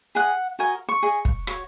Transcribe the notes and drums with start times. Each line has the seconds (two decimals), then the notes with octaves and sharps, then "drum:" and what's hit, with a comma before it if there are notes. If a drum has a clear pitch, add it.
0.15 G#4 D#5 F#5
0.59 F#4 A#4 D#5 G#5
0.89 C#6
1.03 G#4 D#5
1.25 drum: kick
1.47 F#4 C#5, drum: rim click